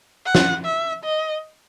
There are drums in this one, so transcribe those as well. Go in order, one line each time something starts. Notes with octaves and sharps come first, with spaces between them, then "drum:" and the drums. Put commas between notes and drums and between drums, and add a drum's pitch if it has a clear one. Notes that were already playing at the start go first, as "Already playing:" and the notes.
F#5
drum: snare
E5
D#5